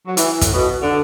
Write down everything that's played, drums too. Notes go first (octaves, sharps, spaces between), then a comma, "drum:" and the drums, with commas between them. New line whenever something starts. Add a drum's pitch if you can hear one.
F#3
E3, drum: hi-hat
A2, drum: kick, hi-hat
B2
D3